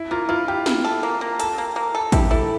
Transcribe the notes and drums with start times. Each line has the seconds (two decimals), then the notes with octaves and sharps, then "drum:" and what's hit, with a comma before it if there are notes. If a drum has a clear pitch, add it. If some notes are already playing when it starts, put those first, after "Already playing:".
Already playing: E4
0.11 A#3 F4
0.29 E4 F4
0.48 E4 G4
0.66 E4, drum: snare
0.85 A4
1.03 A#3
1.21 A#3
1.40 A4, drum: hi-hat
1.58 A#3
1.76 A#3
1.95 A4
2.12 E4 G4, drum: kick A1, hi-hat
2.31 E4 A4